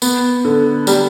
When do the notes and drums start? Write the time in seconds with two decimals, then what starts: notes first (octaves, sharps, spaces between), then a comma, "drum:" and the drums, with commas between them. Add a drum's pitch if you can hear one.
0.02 B3, drum: tambourine
0.45 D3
0.87 G3, drum: tambourine